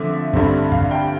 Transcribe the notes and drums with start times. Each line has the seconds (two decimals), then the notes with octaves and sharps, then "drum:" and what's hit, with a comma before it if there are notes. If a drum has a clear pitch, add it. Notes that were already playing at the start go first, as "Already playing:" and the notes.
Already playing: D3 F3 A3 C4 D5 E5
0.33 G2 D3 A3 C4, drum: kick
0.72 F5, drum: kick
0.91 G5